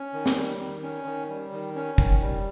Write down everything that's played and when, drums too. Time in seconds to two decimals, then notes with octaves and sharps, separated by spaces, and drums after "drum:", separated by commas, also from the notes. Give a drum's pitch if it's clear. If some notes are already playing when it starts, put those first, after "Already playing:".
Already playing: C#4
0.14 D#3
0.26 drum: snare
0.37 G3
0.59 D#3
0.83 C#4
1.05 D#3
1.29 G3
1.52 D#3
1.75 C#4
1.98 D#3, drum: kick
2.21 G3